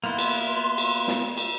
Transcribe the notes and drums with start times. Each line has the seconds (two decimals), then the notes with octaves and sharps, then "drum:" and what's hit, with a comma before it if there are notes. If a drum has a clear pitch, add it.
0.04 A#3 B3 E4 C6
0.18 drum: cymbal
0.78 drum: cymbal
1.08 drum: snare
1.37 drum: cymbal